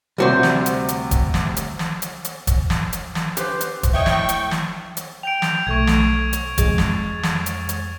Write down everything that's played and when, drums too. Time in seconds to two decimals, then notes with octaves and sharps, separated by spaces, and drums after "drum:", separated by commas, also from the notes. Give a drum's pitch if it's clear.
0.18 D2 C3 G3 F#4 C5
0.43 drum: snare
0.66 drum: hi-hat
0.88 drum: hi-hat
1.11 drum: kick E1, hi-hat
1.34 drum: snare
1.57 drum: hi-hat
1.79 drum: snare
2.02 drum: hi-hat
2.25 drum: hi-hat
2.47 drum: kick E1, hi-hat
2.70 drum: snare
2.93 drum: hi-hat
3.15 drum: snare
3.37 G4 B4 C5, drum: hi-hat
3.61 drum: hi-hat
3.83 drum: kick E1, hi-hat
3.93 C#5 D#5 E5 G5 C#6
4.06 A2, drum: snare
4.29 drum: hi-hat
4.51 drum: snare
4.97 drum: hi-hat
5.23 G5 G6 D7 F7
5.42 drum: snare
5.67 B1 A3 C#6 G#6
5.87 drum: snare
6.33 drum: hi-hat
6.58 F2 G#3 A6, drum: kick E1, hi-hat
6.78 drum: snare
7.23 drum: snare
7.46 drum: hi-hat
7.69 drum: hi-hat